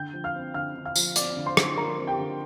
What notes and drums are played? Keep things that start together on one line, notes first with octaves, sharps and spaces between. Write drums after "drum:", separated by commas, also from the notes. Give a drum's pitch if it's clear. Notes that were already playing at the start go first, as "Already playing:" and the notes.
Already playing: D3 G5 G6
F3
F5 F6
C4
D3 F5 F6
D3
F5 F6
F3, drum: tambourine
C4 D5 D6, drum: hi-hat
D3
C5 C6
D3, drum: rim click
F3 A#4 A#5
C4
G4 G5
D3